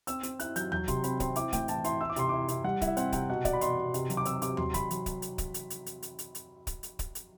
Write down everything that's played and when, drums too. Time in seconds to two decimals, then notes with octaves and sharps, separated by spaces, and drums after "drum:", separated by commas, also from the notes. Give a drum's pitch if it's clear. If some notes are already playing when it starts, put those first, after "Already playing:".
0.07 C4 E6, drum: hi-hat
0.23 C4, drum: hi-hat
0.40 E4 F#6, drum: hi-hat
0.56 F#3 G6, drum: hi-hat
0.72 F#3 G6, drum: tom D#2
0.88 C3 C6, drum: kick D1, hi-hat
1.04 C4 B5, drum: hi-hat
1.20 C4 C6, drum: kick D1, hi-hat
1.36 E4 D6, drum: hi-hat
1.53 A2 G5, drum: kick D1, hi-hat
1.68 E3 A5, drum: hi-hat
1.84 E4 C6, drum: hi-hat
2.01 E4 E6
2.10 D6
2.16 C3 C6, drum: hi-hat
2.29 E4 D6
2.48 C3, drum: hi-hat
2.64 G3 F#5
2.81 E4, drum: kick D1, hi-hat
2.87 E5
2.97 C4 F#5, drum: hi-hat
3.12 C3 G5, drum: kick D1, hi-hat
3.30 B2 F#5
3.45 B2 D5, drum: kick D1, hi-hat
3.53 B5
3.61 B2 C6, drum: hi-hat
3.78 B2
3.94 C3, drum: hi-hat
4.10 F#3, drum: hi-hat
4.17 D6
4.25 C4 E6, drum: hi-hat
4.42 C3 D6, drum: hi-hat
4.57 F#3 C6, drum: tom D#2
4.74 F#3 B5, drum: kick D1, hi-hat
4.91 F#3, drum: hi-hat
5.06 drum: kick D1, hi-hat
5.22 drum: hi-hat
5.38 drum: kick D1, hi-hat
5.54 drum: hi-hat
5.70 drum: hi-hat
5.86 drum: hi-hat
6.03 drum: hi-hat
6.19 drum: hi-hat
6.35 drum: hi-hat
6.67 drum: kick D1, hi-hat
6.83 drum: hi-hat
6.99 drum: kick D1, hi-hat
7.15 drum: hi-hat